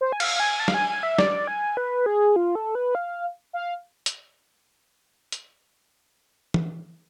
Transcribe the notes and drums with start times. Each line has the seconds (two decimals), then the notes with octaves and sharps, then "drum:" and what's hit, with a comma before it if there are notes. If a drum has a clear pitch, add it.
0.01 C5
0.12 G#5
0.20 F5, drum: cymbal
0.40 G#5
0.60 A5
0.68 F5, drum: snare
0.74 G#5
0.89 G#5
1.03 E5
1.18 D5, drum: snare
1.47 G#5
1.77 B4
2.06 G#4
2.36 F4
2.55 A4
2.75 B4
2.95 F5
3.53 F5
4.06 drum: hi-hat
5.32 drum: hi-hat
6.54 drum: tom